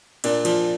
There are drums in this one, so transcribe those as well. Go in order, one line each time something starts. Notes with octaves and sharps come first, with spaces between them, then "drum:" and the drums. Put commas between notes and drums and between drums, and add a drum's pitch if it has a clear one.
A#2 D4, drum: cymbal
F3, drum: cymbal